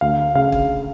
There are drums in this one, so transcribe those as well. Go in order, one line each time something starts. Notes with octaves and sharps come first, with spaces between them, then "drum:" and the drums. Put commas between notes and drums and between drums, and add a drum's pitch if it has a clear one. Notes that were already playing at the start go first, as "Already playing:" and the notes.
D2 F5
C#3 F5
drum: kick